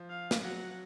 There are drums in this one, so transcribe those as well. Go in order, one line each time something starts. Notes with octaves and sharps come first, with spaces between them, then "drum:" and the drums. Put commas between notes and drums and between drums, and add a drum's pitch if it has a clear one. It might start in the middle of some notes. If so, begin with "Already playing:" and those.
Already playing: F3
F5
drum: snare
F#3 F#5